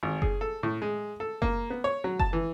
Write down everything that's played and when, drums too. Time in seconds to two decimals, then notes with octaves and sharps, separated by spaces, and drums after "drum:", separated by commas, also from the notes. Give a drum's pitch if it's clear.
0.03 G#1
0.22 G#4, drum: kick F#1
0.41 A4
0.63 A2
0.82 G#3
1.20 A4
1.42 A#3, drum: kick F#1
1.70 B3
1.84 C#5
2.04 F#3
2.19 A5, drum: kick F#1
2.33 E3